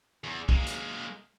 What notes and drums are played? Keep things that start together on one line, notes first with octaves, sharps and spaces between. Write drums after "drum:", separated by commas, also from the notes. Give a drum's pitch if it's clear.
E2
G#3 A#3, drum: kick
drum: hi-hat